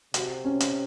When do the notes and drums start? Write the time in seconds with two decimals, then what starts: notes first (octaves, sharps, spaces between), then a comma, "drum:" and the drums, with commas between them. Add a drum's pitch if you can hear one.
0.14 C3 F#4, drum: hi-hat
0.45 C#4
0.60 drum: hi-hat